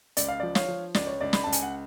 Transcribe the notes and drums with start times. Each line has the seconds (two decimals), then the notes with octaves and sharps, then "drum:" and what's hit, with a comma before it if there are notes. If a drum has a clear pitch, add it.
0.17 C#2 D5, drum: hi-hat
0.28 F5
0.40 F3 D5
0.55 C#5 F5, drum: snare
0.68 F3
0.94 C#2 D5, drum: snare
1.07 C#5
1.21 C#2 D5
1.33 B5, drum: snare
1.44 C#2 A5
1.52 G#5, drum: hi-hat
1.62 F#5